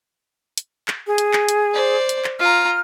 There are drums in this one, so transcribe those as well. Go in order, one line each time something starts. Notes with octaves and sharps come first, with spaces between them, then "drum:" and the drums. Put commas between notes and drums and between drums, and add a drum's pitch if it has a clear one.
drum: hi-hat
drum: clap
G#4
drum: hi-hat
drum: clap
drum: hi-hat
C5 D5
drum: hi-hat
drum: clap
F4 A#5 F6